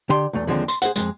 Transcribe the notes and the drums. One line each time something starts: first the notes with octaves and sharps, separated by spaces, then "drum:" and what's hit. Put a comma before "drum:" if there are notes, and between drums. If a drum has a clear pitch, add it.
D3 G4 G5 C6
B1 E2 A3
D#2 D3 F3 G#3 C4
C6, drum: tambourine
G#4 C5 F#5, drum: tambourine
F2 D#3 G#3, drum: tambourine